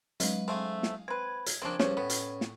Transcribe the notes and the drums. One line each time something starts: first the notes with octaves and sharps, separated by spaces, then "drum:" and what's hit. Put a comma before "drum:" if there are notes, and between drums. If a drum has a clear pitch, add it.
F#3 G#3 B4, drum: hi-hat
A3 C4 G#4 F5
drum: snare
C4 B4 G#6
drum: hi-hat
C#3 F3 A#3 C4 D4
G2 C#3 F3 C#4, drum: snare
A2 B3
drum: hi-hat
drum: snare